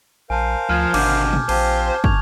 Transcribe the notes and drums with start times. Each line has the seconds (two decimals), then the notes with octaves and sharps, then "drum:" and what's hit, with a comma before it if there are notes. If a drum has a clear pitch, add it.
0.30 A#1 A#4 C5 F5 G#5 A5
0.70 D2 F3 F6 G#6
0.94 G#1 B2 D3 D6 G6, drum: cymbal
1.33 drum: tom A#2
1.49 A#1 C4 F4 G4 C5 A5 G#6, drum: cymbal
2.04 G2 C#6 G#6 F7, drum: kick